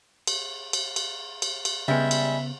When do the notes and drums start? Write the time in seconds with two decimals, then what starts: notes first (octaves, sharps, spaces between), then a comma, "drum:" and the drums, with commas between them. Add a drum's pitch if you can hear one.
0.27 drum: cymbal
0.73 drum: cymbal
0.96 drum: cymbal
1.42 drum: cymbal
1.65 drum: cymbal
1.88 C#3 G3 G#3 B3 E5
2.11 drum: cymbal